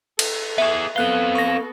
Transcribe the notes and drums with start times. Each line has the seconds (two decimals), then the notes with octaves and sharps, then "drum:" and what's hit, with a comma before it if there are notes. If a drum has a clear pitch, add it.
0.19 A4, drum: cymbal
0.58 B3 G#4 E5 C#6
0.96 B3 C4 A4 F5 F#6 G7
1.35 C#6 A#6